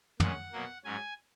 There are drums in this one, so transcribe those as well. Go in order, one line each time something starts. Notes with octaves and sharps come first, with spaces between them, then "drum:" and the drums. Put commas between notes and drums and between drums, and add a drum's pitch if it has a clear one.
A#2 G#3 C#4 F#5, drum: tom
B2 F#3 A#3
G#2 F#3 C#4 G#5